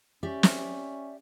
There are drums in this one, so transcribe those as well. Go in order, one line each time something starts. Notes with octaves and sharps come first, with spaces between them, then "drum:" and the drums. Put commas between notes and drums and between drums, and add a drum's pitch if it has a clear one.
C#4 G4 D5 E5
drum: snare